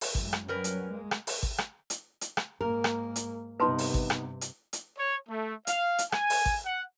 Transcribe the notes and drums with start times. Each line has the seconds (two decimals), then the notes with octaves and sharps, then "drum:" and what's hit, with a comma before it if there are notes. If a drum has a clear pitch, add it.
0.01 drum: open hi-hat
0.15 F#2 E3 G#3, drum: kick G#1
0.33 drum: rim click
0.48 F#3 G3 C#4 A#4 B4
0.64 drum: hi-hat
0.91 G#3 A#3
1.11 drum: rim click
1.27 drum: open hi-hat
1.43 drum: kick G#1
1.58 drum: rim click
1.90 drum: hi-hat
2.21 drum: hi-hat
2.37 drum: rim click
2.61 G#2 A#3 A#4
2.84 drum: rim click
3.16 drum: hi-hat
3.60 G2 C3 B3 D#4 B4 A5 C6
3.78 drum: open hi-hat
3.94 drum: kick G#1
4.10 drum: rim click
4.41 drum: hi-hat
4.73 drum: hi-hat
4.97 C#5
5.29 A3
5.67 F5, drum: hi-hat
5.98 drum: hi-hat
6.12 G#5, drum: rim click
6.30 drum: open hi-hat
6.46 drum: kick G#1
6.65 F#5